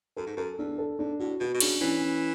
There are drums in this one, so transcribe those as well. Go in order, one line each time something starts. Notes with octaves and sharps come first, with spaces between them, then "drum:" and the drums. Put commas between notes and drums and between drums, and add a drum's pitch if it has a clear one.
F#2 A4
G#2
F#2 A4
E2 D4
A4
G#2 D4
A2 F#4
B2 F#4
B2
C#3 D4, drum: cymbal
E3 C#4
C#4